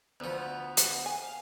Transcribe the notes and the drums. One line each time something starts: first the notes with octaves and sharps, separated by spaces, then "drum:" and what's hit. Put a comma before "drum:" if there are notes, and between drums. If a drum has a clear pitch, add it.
D2 F3 B3
drum: hi-hat
G#5 C7
F5